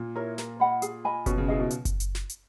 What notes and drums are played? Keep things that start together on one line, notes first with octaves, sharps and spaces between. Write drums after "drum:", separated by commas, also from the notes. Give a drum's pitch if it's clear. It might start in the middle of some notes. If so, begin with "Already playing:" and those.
Already playing: A#2
E4 A#4 C#5
A#4, drum: snare
D#5 F#5 B5
G#4, drum: hi-hat
D#5 G#5 B5
B2 C#4, drum: kick F#1, hi-hat
C#3
E4 G#4 D#5
B2
drum: hi-hat
drum: kick F#1, hi-hat
drum: hi-hat
drum: snare
drum: hi-hat